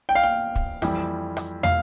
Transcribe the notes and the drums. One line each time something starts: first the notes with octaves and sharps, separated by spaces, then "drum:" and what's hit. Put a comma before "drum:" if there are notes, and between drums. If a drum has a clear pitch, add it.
G5
F5
G5
drum: kick
F2 E3 G3, drum: rim click
drum: rim click
F5, drum: tom